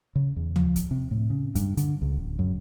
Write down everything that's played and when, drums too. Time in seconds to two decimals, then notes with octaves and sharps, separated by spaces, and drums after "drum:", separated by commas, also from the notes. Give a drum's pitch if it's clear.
0.16 C#3
0.36 E2
0.56 F3, drum: tom D2
0.76 drum: kick, hi-hat
0.91 C3
1.11 A2
1.30 C#3
1.55 G2, drum: kick, hi-hat
1.77 D3, drum: hi-hat
2.02 C#2
2.17 D1
2.39 F#2